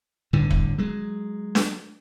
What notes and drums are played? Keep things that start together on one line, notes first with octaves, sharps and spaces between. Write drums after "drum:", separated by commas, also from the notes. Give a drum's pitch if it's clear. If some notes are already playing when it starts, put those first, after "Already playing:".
G1 A2 D3
drum: kick
F#3 G#3
drum: snare D4